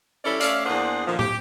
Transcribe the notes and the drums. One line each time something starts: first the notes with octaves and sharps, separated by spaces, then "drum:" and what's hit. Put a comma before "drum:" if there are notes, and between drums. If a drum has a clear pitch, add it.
G3 C#4 E4 A4 C#5 D5
A3 C#4 D5 E5 F5, drum: hi-hat
E2 A#3 D4 G#4 C5 F#5
A#2 D3 D#3 F3
G4, drum: tom